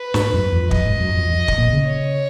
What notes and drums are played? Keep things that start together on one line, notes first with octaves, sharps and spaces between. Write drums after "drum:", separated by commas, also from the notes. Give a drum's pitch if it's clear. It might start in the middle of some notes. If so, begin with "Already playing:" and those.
Already playing: B4
G#2, drum: snare
F#2
F2
F#2 D#5, drum: kick
G#2
F#2
F2
F2
drum: kick
A#2
C#3
C#5